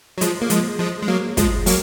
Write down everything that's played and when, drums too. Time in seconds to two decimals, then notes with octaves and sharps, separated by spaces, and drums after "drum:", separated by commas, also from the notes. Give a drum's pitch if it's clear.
0.18 F#3
0.21 F3 G#3, drum: hi-hat
0.41 A#3
0.50 F3 G#3, drum: hi-hat
0.79 F3 G#3
1.02 G#3
1.08 F#3 A#3
1.37 F3 G#3, drum: kick, hi-hat
1.66 F#3 A#3, drum: open hi-hat